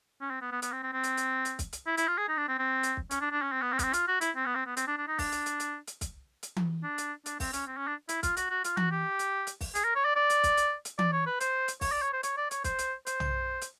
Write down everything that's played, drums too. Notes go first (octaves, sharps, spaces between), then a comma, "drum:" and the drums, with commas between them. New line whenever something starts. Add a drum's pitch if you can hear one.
C#4
C4
B3
B3
B3, drum: hi-hat
C4
C4
C4
drum: hi-hat
drum: hi-hat
drum: hi-hat
drum: kick, hi-hat
drum: hi-hat
E4
E4, drum: hi-hat
F4
G#4
D#4
D4
C4
C4
drum: hi-hat
drum: kick
C#4, drum: hi-hat
D4
D4
C#4
C4
B3
C4
B3, drum: kick, hi-hat
C4
F4, drum: hi-hat
F#4
E4, drum: hi-hat
C4
B3
C4
B3
C4, drum: hi-hat
D4
D4
D#4
D4, drum: kick, open hi-hat
drum: hi-hat
drum: hi-hat
drum: hi-hat
drum: hi-hat
drum: kick, hi-hat
drum: hi-hat
drum: tom E3
D4
drum: hi-hat
D4, drum: hi-hat
C4, drum: kick, open hi-hat
C#4, drum: hi-hat
C4
C#4
D4
E4, drum: hi-hat
F4, drum: kick, hi-hat
F#4, drum: hi-hat
F#4
F4, drum: hi-hat
F#4, drum: tom E3
G4
drum: hi-hat
drum: hi-hat
drum: kick, open hi-hat
G#4, drum: hi-hat
A#4
C#5
D5
D5
drum: hi-hat
drum: kick, hi-hat
drum: hi-hat
drum: hi-hat
D5, drum: tom E3
C#5
B4
C5, drum: hi-hat
drum: hi-hat
C#5, drum: kick, open hi-hat
D5
C#5
C5
C#5, drum: hi-hat
D5
C#5, drum: hi-hat
C5, drum: kick, hi-hat
drum: hi-hat
C5, drum: hi-hat
drum: tom
drum: hi-hat